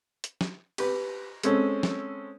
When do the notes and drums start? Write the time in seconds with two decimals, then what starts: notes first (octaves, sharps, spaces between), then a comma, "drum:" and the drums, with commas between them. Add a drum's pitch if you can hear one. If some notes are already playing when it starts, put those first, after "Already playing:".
0.24 drum: hi-hat
0.41 drum: snare
0.78 G4 B4, drum: cymbal
1.43 G#3 C4 C#4 A4, drum: hi-hat
1.83 drum: snare